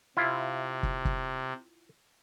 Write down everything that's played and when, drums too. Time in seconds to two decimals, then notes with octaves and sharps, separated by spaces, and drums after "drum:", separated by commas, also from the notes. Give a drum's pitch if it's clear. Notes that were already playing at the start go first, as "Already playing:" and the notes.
0.17 C3 E4 F4
0.83 drum: kick
1.05 drum: kick